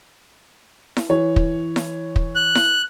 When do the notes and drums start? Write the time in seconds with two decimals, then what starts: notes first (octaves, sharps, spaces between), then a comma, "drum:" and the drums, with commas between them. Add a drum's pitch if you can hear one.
0.97 drum: snare E4
1.09 E3 C#5
1.36 drum: kick
1.76 drum: snare E4
2.16 drum: kick
2.36 F#6
2.55 drum: snare E4